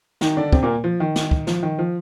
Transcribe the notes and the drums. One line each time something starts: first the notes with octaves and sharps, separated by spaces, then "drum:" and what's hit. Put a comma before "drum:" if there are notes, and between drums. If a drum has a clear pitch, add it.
D#3 D#4, drum: snare
D3 D4
C3 C4, drum: kick
A#2 A#3
F3
D#3
drum: snare
drum: kick
F3, drum: snare
D#3
F3